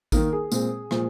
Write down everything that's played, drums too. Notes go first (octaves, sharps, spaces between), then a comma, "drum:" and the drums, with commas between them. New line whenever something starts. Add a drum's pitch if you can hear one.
D#3 A#3 D#4 A#4, drum: kick A1, tambourine
G#4
A#2 G#3 C4, drum: tambourine
A#2 F3 G#3, drum: rim click